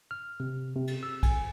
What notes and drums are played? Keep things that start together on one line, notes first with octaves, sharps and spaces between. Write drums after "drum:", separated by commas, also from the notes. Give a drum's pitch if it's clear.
F6
C3
C3
drum: cymbal
E6
G#5, drum: kick B1, cymbal